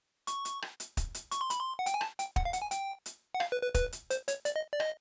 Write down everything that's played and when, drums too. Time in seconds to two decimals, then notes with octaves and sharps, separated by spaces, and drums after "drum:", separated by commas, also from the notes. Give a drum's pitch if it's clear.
0.27 C#6, drum: hi-hat
0.45 drum: hi-hat
0.62 drum: rim click
0.80 drum: hi-hat
0.97 drum: kick, hi-hat
1.15 drum: hi-hat
1.31 C#6, drum: hi-hat
1.41 C6
1.50 B5, drum: hi-hat
1.60 C6
1.79 F#5
1.86 G5, drum: hi-hat
1.94 G#5
2.01 A5, drum: rim click
2.19 G5, drum: hi-hat
2.36 F#5, drum: kick
2.45 F5
2.53 F#5, drum: hi-hat
2.62 G#5
2.71 G5, drum: hi-hat
3.06 drum: hi-hat
3.34 F#5
3.40 F5, drum: rim click
3.52 B4
3.63 B4
3.75 B4, drum: kick, hi-hat
3.92 drum: hi-hat
4.10 C5, drum: hi-hat
4.28 C#5, drum: hi-hat
4.45 D5, drum: hi-hat
4.56 D#5
4.73 D5
4.80 D#5, drum: rim click